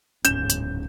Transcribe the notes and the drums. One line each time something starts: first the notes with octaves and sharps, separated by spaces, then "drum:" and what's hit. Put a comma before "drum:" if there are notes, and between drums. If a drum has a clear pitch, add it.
D1 B1 G#2 C#3 C#4 G6 E7, drum: hi-hat
drum: hi-hat